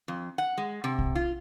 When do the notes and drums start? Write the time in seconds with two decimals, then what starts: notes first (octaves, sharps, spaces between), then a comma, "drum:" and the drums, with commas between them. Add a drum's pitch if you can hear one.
0.08 F2
0.38 F#5
0.58 G#3
0.84 C3
0.99 drum: kick
1.15 F4